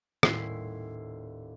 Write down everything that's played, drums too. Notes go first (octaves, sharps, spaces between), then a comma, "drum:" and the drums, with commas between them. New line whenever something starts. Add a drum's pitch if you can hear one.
D#1 A2 E4 C6 B6 C7, drum: rim click